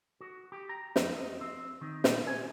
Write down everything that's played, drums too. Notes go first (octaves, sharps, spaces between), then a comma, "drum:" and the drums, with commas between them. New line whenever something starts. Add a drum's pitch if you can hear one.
F#4
G4
A#5
F2, drum: snare
D#5
C4
D#3
A#2, drum: snare
G#5